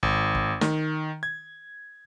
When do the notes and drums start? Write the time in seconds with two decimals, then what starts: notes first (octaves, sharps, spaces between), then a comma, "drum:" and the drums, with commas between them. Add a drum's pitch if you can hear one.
0.03 G#1, drum: kick
0.35 drum: kick
0.61 D#3, drum: snare
1.23 G#6